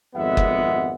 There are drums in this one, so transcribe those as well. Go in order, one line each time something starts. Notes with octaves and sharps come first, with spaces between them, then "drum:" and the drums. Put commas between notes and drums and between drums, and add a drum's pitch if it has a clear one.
G#1 F2 G#3 B3 E5 F#5
drum: kick F#1